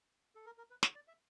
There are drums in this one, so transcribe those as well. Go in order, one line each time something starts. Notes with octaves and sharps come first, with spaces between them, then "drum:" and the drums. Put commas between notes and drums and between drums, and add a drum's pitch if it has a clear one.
A4
A#4
A#4
B4
C#5, drum: snare
D5
E5